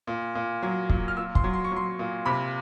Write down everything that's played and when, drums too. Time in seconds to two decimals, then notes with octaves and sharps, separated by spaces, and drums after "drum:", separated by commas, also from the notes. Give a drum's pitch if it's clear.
0.07 A#2
0.35 A#2
0.63 F#3
0.90 A#2, drum: kick
1.08 F6
1.17 A#2 E6
1.35 C6, drum: kick
1.44 F#3
1.53 C6
1.64 C#6
1.72 F#3 C6
1.99 A#2
2.26 C3 B5